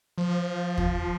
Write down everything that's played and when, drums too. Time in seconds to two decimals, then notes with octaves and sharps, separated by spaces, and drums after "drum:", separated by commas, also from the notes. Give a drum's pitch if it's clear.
0.18 F3
0.78 drum: kick